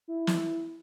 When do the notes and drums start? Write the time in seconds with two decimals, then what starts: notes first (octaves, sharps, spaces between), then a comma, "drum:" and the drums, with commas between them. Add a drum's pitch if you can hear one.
0.08 E4
0.27 drum: snare